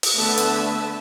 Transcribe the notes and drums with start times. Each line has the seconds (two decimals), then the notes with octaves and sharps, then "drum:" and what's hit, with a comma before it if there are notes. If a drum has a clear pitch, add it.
0.03 drum: open hi-hat
0.17 D3 A3 B3 B4 E5 A5
0.38 drum: hi-hat